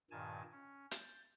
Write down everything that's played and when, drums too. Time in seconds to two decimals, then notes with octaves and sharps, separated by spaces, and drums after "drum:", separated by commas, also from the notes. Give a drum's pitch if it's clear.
0.11 G2 A#2 D#3 G#5 A5
0.51 C#4
0.91 G6 A6, drum: hi-hat